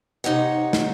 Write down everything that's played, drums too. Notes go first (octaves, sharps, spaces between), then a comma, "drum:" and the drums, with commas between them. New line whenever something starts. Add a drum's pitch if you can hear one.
C3 D#4 C#5 F#5
drum: snare